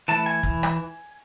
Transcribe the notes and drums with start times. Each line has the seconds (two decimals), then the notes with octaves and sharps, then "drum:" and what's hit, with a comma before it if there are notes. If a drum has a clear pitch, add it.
0.08 E3 A3 E4 A5
0.26 G#5
0.43 E3, drum: kick
0.63 drum: rim click